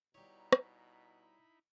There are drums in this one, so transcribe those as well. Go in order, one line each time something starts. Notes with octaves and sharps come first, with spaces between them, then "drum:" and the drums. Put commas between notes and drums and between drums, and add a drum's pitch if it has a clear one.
B2 G3 D#4 E4 C#5 A#5 B5
drum: rim click